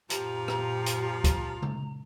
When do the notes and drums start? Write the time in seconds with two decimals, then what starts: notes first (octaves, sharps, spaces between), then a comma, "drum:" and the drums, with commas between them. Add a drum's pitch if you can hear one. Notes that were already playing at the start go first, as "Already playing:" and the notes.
0.10 F#2 A#2 F3 G4 A#5, drum: hi-hat
0.48 drum: rim click
0.86 drum: hi-hat
1.24 drum: kick, hi-hat
1.62 drum: tom C#3